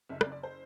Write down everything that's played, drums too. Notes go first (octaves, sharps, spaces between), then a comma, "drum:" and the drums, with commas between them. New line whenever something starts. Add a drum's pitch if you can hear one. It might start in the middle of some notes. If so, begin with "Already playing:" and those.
F#1 E5
D5, drum: rim click
F#1
D5
C5